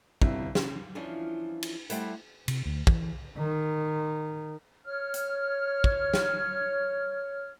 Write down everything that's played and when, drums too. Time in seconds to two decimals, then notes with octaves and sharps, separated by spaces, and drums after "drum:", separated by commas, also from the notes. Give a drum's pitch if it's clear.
0.22 G1 C3 E4, drum: kick
0.55 C#3, drum: snare
0.95 E3 F3 C#4 D4 F4
1.63 drum: cymbal
1.90 G3 A3 E4 G4 C5 F#5, drum: hi-hat
2.48 C3, drum: cymbal
2.66 D2
2.87 E3, drum: kick
3.38 D#3
4.86 C#5 F6
5.14 drum: hi-hat
5.84 drum: kick
6.14 drum: snare